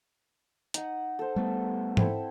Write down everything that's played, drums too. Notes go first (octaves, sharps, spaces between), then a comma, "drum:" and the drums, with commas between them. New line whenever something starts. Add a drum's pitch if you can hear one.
D#4 F#5, drum: hi-hat
A4 C5
G3 A3 B3
C4 E4 A4, drum: tom G#2